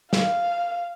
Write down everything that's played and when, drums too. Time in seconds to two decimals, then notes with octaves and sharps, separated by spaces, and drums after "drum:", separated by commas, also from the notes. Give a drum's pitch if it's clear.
0.13 F5, drum: snare